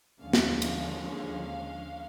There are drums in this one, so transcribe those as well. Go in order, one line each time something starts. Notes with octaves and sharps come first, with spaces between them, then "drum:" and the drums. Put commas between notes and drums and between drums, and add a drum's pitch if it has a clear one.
D#2 D3 F3 G#3 C#4 F5
drum: snare
F5, drum: cymbal